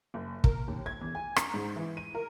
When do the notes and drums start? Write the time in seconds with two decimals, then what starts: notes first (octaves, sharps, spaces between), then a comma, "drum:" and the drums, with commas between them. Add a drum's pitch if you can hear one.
0.14 F#1
0.44 A#4, drum: kick
0.68 D#2
0.86 G#6
1.01 E2
1.15 G#5
1.36 A#5, drum: rim click
1.54 G#2
1.76 E3
1.97 D#7
2.15 A#4